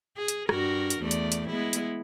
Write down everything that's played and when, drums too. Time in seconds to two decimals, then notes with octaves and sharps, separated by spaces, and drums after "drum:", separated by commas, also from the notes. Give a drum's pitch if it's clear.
0.17 G#4
0.28 drum: hi-hat
0.49 G2 F#4 A#4, drum: rim click
0.90 drum: hi-hat
1.01 E2 A3 D5
1.11 drum: hi-hat
1.32 drum: hi-hat
1.48 G#3 B3 E4
1.73 drum: hi-hat